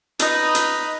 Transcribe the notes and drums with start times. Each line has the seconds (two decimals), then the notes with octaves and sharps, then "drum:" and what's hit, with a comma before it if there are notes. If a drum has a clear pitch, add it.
0.19 D#4 B4, drum: hi-hat
0.55 drum: hi-hat